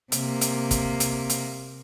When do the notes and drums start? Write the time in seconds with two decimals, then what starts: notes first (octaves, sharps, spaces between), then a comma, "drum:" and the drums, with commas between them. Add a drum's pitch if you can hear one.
0.12 C3 A#3, drum: hi-hat
0.41 drum: hi-hat
0.71 drum: kick, hi-hat
1.00 drum: hi-hat
1.30 drum: hi-hat